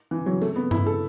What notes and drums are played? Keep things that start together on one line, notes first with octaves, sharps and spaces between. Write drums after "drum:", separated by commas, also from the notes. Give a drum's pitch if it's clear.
E3
F#3
A3, drum: tambourine
B3
E4, drum: tom G2
A4